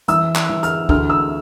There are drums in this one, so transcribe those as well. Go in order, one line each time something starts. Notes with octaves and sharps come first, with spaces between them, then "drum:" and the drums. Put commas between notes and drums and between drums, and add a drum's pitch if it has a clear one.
E3 E6, drum: hi-hat
drum: clap
E3
F6, drum: hi-hat
D2 F6, drum: kick
E6